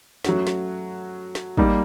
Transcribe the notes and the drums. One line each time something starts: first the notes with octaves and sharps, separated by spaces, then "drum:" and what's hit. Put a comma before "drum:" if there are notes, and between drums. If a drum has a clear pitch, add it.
F#3 A3 C#4 F#4, drum: snare
drum: snare
drum: snare
G3 A#3 D#4, drum: kick